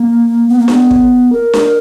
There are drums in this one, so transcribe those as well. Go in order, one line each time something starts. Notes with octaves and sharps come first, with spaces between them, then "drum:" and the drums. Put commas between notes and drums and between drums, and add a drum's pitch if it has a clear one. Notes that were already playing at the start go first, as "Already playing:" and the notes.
Already playing: A#3
B3
A#3
B3, drum: snare D4
drum: kick
A#4
drum: snare D4